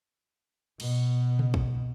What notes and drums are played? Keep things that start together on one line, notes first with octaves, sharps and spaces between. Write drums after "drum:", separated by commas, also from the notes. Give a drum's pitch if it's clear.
B2, drum: cymbal
drum: tom C3
drum: kick